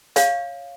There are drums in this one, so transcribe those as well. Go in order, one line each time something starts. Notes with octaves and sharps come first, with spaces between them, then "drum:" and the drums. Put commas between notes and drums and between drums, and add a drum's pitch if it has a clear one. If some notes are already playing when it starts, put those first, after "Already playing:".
C#5 F5, drum: hi-hat